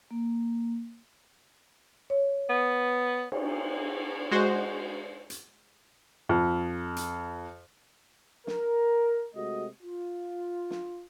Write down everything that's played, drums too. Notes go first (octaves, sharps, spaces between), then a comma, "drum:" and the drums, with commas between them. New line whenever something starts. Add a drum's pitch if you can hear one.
A#3
C#5
B3
drum: cymbal
G#3 F#4 C5
drum: hi-hat
F2
drum: hi-hat
A#4, drum: snare
C3 G#3 A3 F#4 D#5
F4
drum: snare